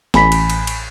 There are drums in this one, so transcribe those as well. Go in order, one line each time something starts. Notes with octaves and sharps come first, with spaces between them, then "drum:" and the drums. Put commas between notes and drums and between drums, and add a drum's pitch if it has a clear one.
A1 G#5 B5 B6, drum: snare
drum: cymbal
drum: cymbal
drum: cymbal